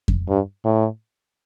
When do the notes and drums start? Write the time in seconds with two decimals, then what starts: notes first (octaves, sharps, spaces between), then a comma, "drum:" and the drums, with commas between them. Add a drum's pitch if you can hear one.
0.08 drum: kick F2
0.29 G2
0.65 A2